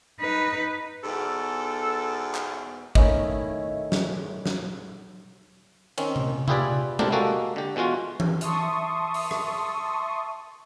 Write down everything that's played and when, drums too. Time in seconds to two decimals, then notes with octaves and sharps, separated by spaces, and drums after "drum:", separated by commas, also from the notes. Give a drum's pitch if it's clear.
0.20 D#4 B4
1.03 E2 G#2 B2 A4
2.35 drum: clap
2.95 D#3 A3 C#4 E4 D#5, drum: kick G#1
3.92 drum: snare
4.46 drum: snare
5.98 D#3 C4 C#4, drum: cymbal
6.16 drum: tom C3
6.48 E4 F4 G4 G#4 B4 D5, drum: tom C3
6.99 C4 D4 E4 G4 A4 A#4, drum: tom G#3
7.12 G#3 A#3 F#4 G4 A4
7.56 D3 G4
7.76 B2 E3 G#3 F4 F#4
8.20 drum: tom E3
8.41 E5 A5 C6 C#6 D#6, drum: hi-hat
9.14 drum: open hi-hat
9.31 drum: rim click